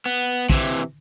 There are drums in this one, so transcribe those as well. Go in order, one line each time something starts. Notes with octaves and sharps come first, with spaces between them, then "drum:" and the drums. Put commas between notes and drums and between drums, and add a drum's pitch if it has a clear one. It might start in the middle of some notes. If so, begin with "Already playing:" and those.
B3
C3 E3, drum: kick